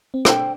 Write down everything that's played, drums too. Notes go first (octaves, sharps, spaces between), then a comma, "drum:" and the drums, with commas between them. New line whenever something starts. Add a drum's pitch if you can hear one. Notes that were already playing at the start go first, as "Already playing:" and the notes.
C4
D4 A4 C5 G5, drum: rim click